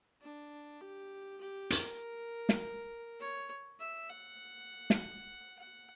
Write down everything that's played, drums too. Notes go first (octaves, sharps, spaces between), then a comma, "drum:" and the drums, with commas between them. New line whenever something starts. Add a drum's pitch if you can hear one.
D4
G4
G4
A#4, drum: hi-hat
drum: snare
C#5
E5
F#5
drum: snare
F#5